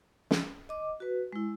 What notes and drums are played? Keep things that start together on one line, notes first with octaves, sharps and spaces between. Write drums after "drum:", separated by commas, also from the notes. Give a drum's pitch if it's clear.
drum: snare
D#5 D6
F#4 B4
G#3 E4